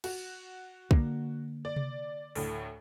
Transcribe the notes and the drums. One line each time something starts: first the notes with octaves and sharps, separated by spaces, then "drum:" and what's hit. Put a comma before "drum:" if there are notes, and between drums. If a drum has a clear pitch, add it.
F#4, drum: cymbal
D3 A#3, drum: kick
D5
drum: tom C3
D2 A2, drum: open hi-hat